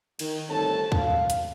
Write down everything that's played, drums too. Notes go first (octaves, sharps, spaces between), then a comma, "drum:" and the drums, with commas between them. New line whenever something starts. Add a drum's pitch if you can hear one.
D#3, drum: cymbal
G1 A3 C4 A4 C#5 A5
F5, drum: kick
drum: hi-hat